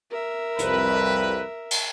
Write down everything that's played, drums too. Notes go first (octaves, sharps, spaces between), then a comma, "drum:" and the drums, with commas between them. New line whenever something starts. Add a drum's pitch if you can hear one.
A#4 E5
C2 F2 B4, drum: hi-hat
drum: cymbal